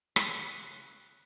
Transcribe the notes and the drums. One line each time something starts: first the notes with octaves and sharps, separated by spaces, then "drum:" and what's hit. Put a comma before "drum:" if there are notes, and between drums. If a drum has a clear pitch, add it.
C#3 E4 F#6, drum: rim click